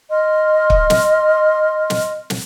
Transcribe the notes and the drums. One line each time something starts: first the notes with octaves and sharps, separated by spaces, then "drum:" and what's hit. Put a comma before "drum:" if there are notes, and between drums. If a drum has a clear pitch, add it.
D#5 C6 F6
drum: kick
drum: snare
drum: snare
drum: snare